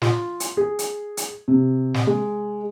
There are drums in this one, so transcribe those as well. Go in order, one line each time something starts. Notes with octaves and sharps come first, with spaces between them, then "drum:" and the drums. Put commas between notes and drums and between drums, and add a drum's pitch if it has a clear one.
F4, drum: snare
drum: hi-hat
G#4
drum: hi-hat
drum: hi-hat
C3
drum: snare
G#3